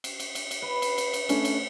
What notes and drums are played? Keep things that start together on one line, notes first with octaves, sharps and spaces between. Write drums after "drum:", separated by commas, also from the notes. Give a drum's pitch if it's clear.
drum: cymbal
drum: cymbal
drum: cymbal
drum: cymbal
B4
drum: cymbal
drum: cymbal
drum: cymbal
A3 C#4 D4, drum: cymbal
drum: cymbal